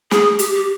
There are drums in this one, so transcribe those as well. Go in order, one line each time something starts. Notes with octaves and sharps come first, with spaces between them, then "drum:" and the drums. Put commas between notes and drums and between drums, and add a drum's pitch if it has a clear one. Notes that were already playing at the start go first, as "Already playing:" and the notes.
G#4, drum: snare
G4, drum: hi-hat
G4